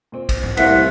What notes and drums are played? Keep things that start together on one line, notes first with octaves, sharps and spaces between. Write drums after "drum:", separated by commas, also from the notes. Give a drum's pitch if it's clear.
A#2 C4
drum: kick, cymbal
drum: tom
C2 A2 A#3 B3 C5 E5 F#5 B6, drum: cymbal